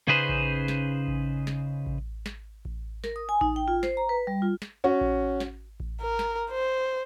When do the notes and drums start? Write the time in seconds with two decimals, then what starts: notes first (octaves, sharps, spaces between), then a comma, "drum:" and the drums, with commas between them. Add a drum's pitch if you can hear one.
0.08 C#3 C#4 D#4 G#4 B4 C5
0.29 drum: kick A1
0.68 drum: snare
1.08 drum: kick A1
1.47 drum: snare
1.86 drum: kick A1
2.26 drum: snare
2.65 drum: kick A1
3.04 A#4, drum: snare
3.16 D#6
3.29 G#5
3.41 D#4, drum: kick A1
3.56 G5
3.68 F4
3.83 C5, drum: snare
3.97 A#5
4.09 B4
4.27 G3
4.42 F4
4.62 drum: snare
4.84 C#4 F#4
5.01 drum: kick A1
5.40 drum: snare
5.80 drum: kick A1
6.02 A#4
6.19 drum: snare
6.51 C5